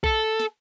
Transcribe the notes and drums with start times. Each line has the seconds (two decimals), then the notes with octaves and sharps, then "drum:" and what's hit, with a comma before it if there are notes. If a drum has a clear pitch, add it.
0.04 A4, drum: kick A#1
0.40 drum: snare